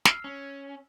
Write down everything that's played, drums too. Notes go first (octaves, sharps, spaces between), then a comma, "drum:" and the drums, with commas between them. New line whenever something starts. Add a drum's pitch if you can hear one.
E6 F6 C7, drum: snare
C#4